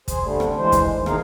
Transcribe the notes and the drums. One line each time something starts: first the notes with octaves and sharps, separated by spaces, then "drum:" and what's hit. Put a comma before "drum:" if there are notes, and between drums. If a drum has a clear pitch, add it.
G#4 C5, drum: kick, hi-hat
D3 G3 A3
drum: rim click
E3 G#3 C5
drum: kick, hi-hat
D#3
F3 A#3 D#4 G#4 F5, drum: rim click